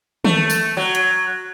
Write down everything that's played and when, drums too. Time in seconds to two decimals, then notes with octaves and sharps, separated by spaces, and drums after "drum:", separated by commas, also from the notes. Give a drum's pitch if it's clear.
0.25 A3, drum: tom D#3
0.50 drum: tambourine
0.77 F#3
0.95 drum: hi-hat